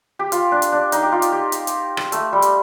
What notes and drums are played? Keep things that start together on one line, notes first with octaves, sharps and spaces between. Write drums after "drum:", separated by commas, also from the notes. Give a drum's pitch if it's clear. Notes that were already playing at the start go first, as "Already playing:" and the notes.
G4
F4, drum: hi-hat
D4
drum: hi-hat
D4
D#4, drum: hi-hat
G4
F4
drum: hi-hat
G4
drum: hi-hat
drum: hi-hat
drum: rim click
A3, drum: hi-hat
G3
drum: hi-hat